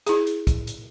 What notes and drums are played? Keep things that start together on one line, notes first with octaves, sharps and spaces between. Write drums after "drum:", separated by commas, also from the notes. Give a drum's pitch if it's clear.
E4 G#4, drum: hi-hat
drum: hi-hat
drum: kick, hi-hat
drum: hi-hat